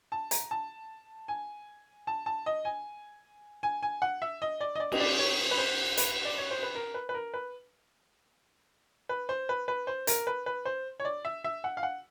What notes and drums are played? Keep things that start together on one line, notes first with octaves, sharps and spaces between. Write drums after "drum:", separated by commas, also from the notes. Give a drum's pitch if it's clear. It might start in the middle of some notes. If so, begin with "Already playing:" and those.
A5
A#5, drum: hi-hat
A5
G#5
A5
A5
D#5
G#5
G#5
G#5
F#5
E5
D#5
D5
D#5
D5
D#5, drum: cymbal
D5
C#5
B4
C5
B4, drum: hi-hat
D5
C#5
C5
B4
A#4
B4
B4
A#4
B4
B4
C5
B4
B4
C5
A#4, drum: hi-hat
B4
B4
C5
C#5
D5
E5
E5
F#5
F5
F#5